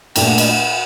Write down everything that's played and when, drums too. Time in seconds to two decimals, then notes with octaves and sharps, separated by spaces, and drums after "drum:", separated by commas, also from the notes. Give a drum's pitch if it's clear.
0.16 A#2 A3 D4 G5, drum: cymbal
0.26 F#5
0.38 D#5, drum: cymbal
0.48 F#5